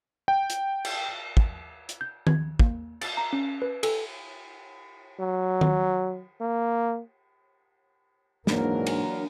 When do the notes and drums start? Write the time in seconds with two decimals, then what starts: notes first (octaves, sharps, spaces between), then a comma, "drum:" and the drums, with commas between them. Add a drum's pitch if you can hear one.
0.28 G5
0.50 drum: hi-hat
0.85 drum: cymbal
1.37 drum: kick
1.89 drum: hi-hat
2.01 G6
2.27 G#6, drum: tom D#3
2.59 A#3, drum: kick
3.01 A6, drum: cymbal
3.17 A#5
3.33 C#4
3.62 B4
3.83 A4, drum: cymbal
5.20 F#3
5.61 drum: tom D#3
6.41 A#3
8.47 G#2 E3 F#3 A#3 D4 A#4, drum: snare
8.86 drum: cymbal